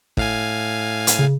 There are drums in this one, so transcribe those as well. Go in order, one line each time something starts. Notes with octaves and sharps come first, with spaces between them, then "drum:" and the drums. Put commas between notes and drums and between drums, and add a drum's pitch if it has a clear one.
A2 F5 G#5, drum: kick
drum: hi-hat
C#3